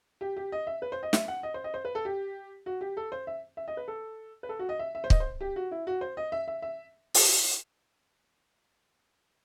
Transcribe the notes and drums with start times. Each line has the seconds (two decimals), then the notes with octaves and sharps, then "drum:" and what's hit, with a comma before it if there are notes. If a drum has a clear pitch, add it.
0.21 G4
0.37 G4
0.52 D#5
0.67 E5
0.82 B4
0.92 C5
1.03 D#5
1.13 E5, drum: snare
1.28 F#5
1.43 D#5
1.54 C5
1.64 D#5
1.74 C5
1.85 B4
1.95 A4
2.05 G4
2.66 F#4
2.81 G4
2.97 A4
3.12 C5
3.27 E5
3.57 E5
3.68 D#5
3.77 B4
3.88 A4
4.43 B4
4.49 A4
4.59 F#4
4.69 D#5
4.79 E5
4.95 E5
5.04 C5
5.10 D#5, drum: kick
5.20 C5
5.41 G4
5.56 F#4
5.71 E4
5.87 F#4
6.01 C5
6.17 D#5
6.32 E5
6.48 E5
6.62 E5
7.14 drum: open hi-hat